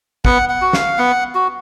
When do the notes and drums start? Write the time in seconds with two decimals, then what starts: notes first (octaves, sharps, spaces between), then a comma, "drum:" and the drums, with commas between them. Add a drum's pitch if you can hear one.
0.25 B3 F#5, drum: kick
0.49 F#5
0.62 F#4
0.73 F5, drum: snare
0.98 B3 F#5
1.35 F#4